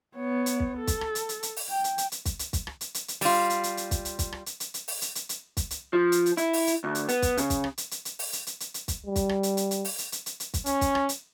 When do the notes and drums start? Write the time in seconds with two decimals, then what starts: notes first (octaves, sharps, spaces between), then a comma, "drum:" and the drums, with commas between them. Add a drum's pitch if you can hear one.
0.16 B3 C#5
0.46 drum: hi-hat
0.60 drum: kick
0.78 A4
0.87 drum: kick, hi-hat
1.01 drum: rim click
1.15 drum: hi-hat
1.29 drum: hi-hat
1.43 drum: hi-hat
1.56 drum: open hi-hat
1.70 G5
1.84 drum: hi-hat
1.98 drum: hi-hat
2.12 drum: hi-hat
2.25 drum: kick, hi-hat
2.39 drum: hi-hat
2.53 drum: kick, hi-hat
2.67 drum: rim click
2.81 drum: hi-hat
2.94 drum: hi-hat
3.08 drum: hi-hat
3.21 G3 F4, drum: open hi-hat
3.50 drum: hi-hat
3.63 drum: hi-hat
3.77 drum: hi-hat
3.91 drum: kick, hi-hat
4.05 drum: hi-hat
4.19 drum: kick, hi-hat
4.32 drum: rim click
4.46 drum: hi-hat
4.60 drum: hi-hat
4.74 drum: hi-hat
4.88 drum: open hi-hat
5.01 drum: hi-hat
5.15 drum: hi-hat
5.29 drum: hi-hat
5.57 drum: kick, hi-hat
5.71 drum: hi-hat
5.93 F3
6.12 drum: hi-hat
6.26 drum: hi-hat
6.37 E4, drum: hi-hat
6.53 drum: open hi-hat
6.67 drum: hi-hat
6.84 D2
6.95 drum: hi-hat
7.09 B3, drum: hi-hat
7.22 drum: kick, hi-hat
7.37 C#3, drum: hi-hat
7.50 drum: kick, hi-hat
7.64 drum: rim click
7.78 drum: hi-hat
7.91 drum: hi-hat
8.05 drum: hi-hat
8.19 drum: open hi-hat
8.33 drum: hi-hat
8.47 drum: hi-hat
8.60 drum: hi-hat
8.74 drum: hi-hat
8.88 drum: kick, hi-hat
9.06 G3
9.16 drum: kick, hi-hat
9.29 drum: rim click
9.43 drum: hi-hat
9.57 drum: hi-hat
9.71 drum: hi-hat
9.85 drum: open hi-hat
9.98 drum: hi-hat
10.12 drum: hi-hat
10.26 drum: hi-hat
10.40 drum: hi-hat
10.54 drum: kick, hi-hat
10.66 C#4, drum: hi-hat
10.81 drum: kick, hi-hat
10.95 drum: rim click
11.09 drum: hi-hat